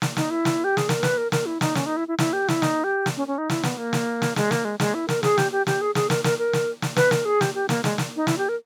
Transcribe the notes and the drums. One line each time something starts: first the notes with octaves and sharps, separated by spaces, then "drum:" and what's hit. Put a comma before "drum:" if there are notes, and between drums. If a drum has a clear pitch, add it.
drum: snare
D#4, drum: snare
E4
drum: snare
G4
G#4, drum: snare
A#4, drum: snare
B4, drum: snare
A#4
A#4, drum: snare
E4
D#4, drum: snare
C#4, drum: snare
D#4
E4
E4
E4, drum: snare
G4
E4, drum: snare
D#4, drum: snare
G4
drum: snare
C#4
C#4
D#4
E4, drum: snare
B3, drum: snare
A#3
drum: snare
drum: snare
G#3, drum: snare
A#3, drum: snare
G#3
G#3, drum: snare
E4
A#4, drum: snare
G#4, drum: snare
G4, drum: snare
G4
G4, drum: snare
G#4
G#4, drum: snare
A#4, drum: snare
A#4, drum: snare
A#4
drum: snare
drum: snare
B4, drum: snare
A#4, drum: snare
G#4
G4, drum: snare
G4
A#3, drum: snare
G#3, drum: snare
drum: snare
D#4
E4, drum: snare
G4
A#4